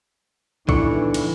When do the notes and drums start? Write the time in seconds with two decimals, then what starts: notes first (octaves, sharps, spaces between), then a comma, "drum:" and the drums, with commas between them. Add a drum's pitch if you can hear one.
0.69 A#1 E2 G#2 D3 E3 C#6, drum: kick B1
1.14 drum: cymbal